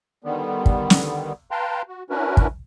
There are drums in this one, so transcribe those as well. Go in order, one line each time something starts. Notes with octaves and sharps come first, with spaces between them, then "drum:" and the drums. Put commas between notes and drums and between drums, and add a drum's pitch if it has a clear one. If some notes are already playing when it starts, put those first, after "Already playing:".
D3 D#3 G3 B3
drum: kick
drum: snare
B4 F5 G5 A5 A#5 C6
F#4
C#4 D4 E4 F#4 A#4 B4
drum: kick